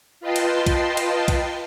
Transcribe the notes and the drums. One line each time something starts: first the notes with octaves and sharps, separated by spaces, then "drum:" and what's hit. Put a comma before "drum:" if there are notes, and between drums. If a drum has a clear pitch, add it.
F4 B4 D#5 G5 A5 C6
drum: cymbal
drum: kick B1, cymbal
drum: cymbal
drum: kick B1, cymbal